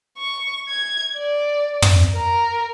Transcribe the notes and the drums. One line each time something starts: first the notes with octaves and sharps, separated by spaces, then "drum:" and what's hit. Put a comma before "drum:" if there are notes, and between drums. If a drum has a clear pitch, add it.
C#6
G#6
D5
drum: tom
A#4